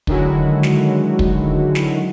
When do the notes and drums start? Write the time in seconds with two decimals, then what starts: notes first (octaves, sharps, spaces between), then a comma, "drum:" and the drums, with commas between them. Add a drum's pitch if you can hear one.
0.07 D3 D#3 F#3 G#3 E4 F#4, drum: kick
0.63 drum: snare
1.19 drum: kick
1.75 drum: snare